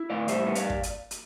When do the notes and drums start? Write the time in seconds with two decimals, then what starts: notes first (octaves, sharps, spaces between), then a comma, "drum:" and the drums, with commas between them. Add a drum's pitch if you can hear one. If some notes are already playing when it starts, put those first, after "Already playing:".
Already playing: E4
0.10 A2 D5 F5
0.28 G3 C5 E5, drum: hi-hat
0.46 B3
0.55 D5 F5, drum: hi-hat
0.70 drum: kick
0.83 drum: hi-hat
1.11 drum: hi-hat